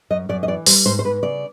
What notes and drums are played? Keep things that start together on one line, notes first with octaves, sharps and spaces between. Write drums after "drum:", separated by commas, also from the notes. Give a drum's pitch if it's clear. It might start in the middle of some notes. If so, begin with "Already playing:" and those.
F#2 D#5
F#2 D5
D#5
E3 D5
G3 C5, drum: open hi-hat
G#2 C5
C5
G#2 B4
C#3 D5